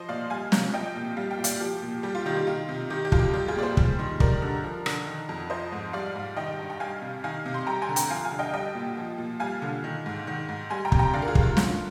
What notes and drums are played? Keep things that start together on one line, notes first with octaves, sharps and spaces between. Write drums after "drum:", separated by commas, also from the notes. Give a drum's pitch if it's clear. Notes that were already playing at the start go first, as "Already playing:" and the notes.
Already playing: F3 C5 D#5
A#2 D5 F5
G3 F5 G#5
C3, drum: snare
F3 D#5 G5
A#2
G3 F5
G5
A#2
D5 F5, drum: hi-hat
F3 G4
A#2
G3 G4
F4
D#3 G4
G4
D#3 F4
C3
D#3 G4
G4
F2 F4, drum: kick
G4
G3 G4
F4 G#4
A#2 D5
G#4 C5
G3, drum: kick
D#3
G3 A#4 D5, drum: kick
D3
F3
D3, drum: rim click
D#3
F2
F3 C5 D#5
G#2
G3 D5 F5
G#2
D#3 D#5 G5
G2
G5
G3 F5 G#5
C3
D#3 F5 G#5
C3
C6
G3 G5 A#5
G#5 C6
D3
G5 A#5, drum: hi-hat
F3 F5 G#5
F5 G#5
D3
D#5 G5
G3 D#5 G5
A#2
F3
A#2
G3 F5 G#5
D3
D#3
G#2
D#3
G#2
G3 G#5 C6
G5 A#5
C3, drum: kick
G5 A#5
D3 D5 F5
A#4
F4 G#4
G2, drum: kick
F4
D3 F4, drum: snare